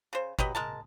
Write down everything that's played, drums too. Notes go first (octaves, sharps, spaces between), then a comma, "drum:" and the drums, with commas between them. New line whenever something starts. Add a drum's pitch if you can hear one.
C#3 C5
F#3 G4 B4 D#5, drum: kick
G#3 A#4 A5